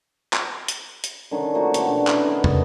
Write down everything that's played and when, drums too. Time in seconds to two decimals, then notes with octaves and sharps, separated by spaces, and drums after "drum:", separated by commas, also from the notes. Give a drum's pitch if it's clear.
0.33 drum: clap
0.68 drum: hi-hat
1.04 drum: hi-hat
1.31 D3 D#3 C#4 D4
1.55 F3 A3 A#3 F#4
1.74 B2 D3 E3 G4, drum: hi-hat
2.07 C#4 E4 D5, drum: clap
2.26 D#3 B3
2.44 D#5 A5 C#6, drum: tom